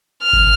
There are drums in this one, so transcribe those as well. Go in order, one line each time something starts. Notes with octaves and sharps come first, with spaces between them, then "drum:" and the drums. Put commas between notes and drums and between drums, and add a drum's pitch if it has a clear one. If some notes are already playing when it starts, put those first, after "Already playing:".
F6
drum: kick